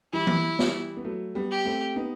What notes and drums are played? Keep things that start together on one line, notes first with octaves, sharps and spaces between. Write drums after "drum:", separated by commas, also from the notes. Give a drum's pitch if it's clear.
E3 G3 E4
drum: tom E3
E3 G3, drum: snare
B3
F#3 A3
G3 B3
G4
A3 C4
B3 D#4